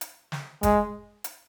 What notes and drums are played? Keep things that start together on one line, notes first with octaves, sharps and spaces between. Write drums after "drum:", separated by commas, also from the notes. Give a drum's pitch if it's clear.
drum: hi-hat
drum: snare
G#3, drum: kick, hi-hat
drum: hi-hat